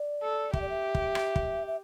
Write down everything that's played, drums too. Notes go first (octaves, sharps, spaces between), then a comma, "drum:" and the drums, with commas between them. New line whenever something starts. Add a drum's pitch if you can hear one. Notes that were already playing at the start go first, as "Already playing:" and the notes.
Already playing: D5
A4
G4 E5, drum: kick
D5
E5
drum: kick
drum: rim click
drum: kick
E5